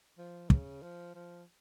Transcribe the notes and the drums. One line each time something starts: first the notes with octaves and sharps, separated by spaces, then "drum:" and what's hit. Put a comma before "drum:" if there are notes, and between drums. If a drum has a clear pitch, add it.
F3
C#3, drum: kick
F3
F3